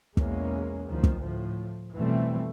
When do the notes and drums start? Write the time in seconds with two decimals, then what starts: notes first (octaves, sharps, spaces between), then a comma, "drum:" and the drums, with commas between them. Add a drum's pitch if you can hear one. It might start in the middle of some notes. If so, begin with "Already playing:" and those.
0.17 B1 E2 G#3 A#3 C#4, drum: kick
0.88 D2 D#3 F3
1.04 drum: kick
1.22 A2 F3
1.96 F2 B2 E3 G3 A3 C4